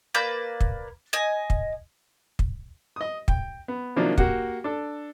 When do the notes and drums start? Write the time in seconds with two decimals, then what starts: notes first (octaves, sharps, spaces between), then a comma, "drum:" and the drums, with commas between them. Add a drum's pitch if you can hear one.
0.15 A#3 B4 D5 G6
0.61 drum: kick
1.13 D#5 G#5
1.50 drum: kick
2.39 drum: kick
2.96 D#5 D#6
3.28 G5, drum: kick
3.68 B3
3.96 C3 D#3 F3 F#3 A#3 D4
4.18 A#3 F#4 G4 F#5, drum: kick
4.64 D4 A4